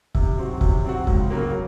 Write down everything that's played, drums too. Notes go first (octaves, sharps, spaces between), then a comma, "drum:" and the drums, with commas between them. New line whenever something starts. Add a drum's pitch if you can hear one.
C3, drum: kick
F#3 C4 F#4
C3, drum: kick
F#3 C4 F#4
C#2, drum: kick
C#3 F#3 A#3